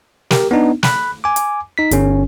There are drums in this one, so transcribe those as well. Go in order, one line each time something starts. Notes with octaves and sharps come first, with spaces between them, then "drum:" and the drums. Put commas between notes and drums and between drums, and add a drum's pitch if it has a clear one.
G4 A#4, drum: snare
B3 D4 D#4
B5 F#6, drum: snare
G#5 D6
drum: hi-hat
D#4 B6
G1 C#4, drum: hi-hat